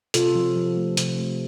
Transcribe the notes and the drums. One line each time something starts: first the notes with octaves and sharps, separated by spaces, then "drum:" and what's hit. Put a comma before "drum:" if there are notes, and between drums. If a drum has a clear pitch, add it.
C3 F4 A4, drum: hi-hat
F3
F3
A3
C3, drum: hi-hat
A3